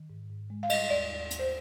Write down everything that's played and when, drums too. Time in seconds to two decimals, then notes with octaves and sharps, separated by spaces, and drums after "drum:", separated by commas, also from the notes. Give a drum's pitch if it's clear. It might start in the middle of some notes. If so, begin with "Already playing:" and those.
Already playing: D#3
0.10 G#2
0.30 G#2
0.50 G#3
0.63 F5
0.70 G3 D#5, drum: cymbal
0.90 D#2 D5
1.10 D#2
1.31 D#2, drum: hi-hat
1.39 C5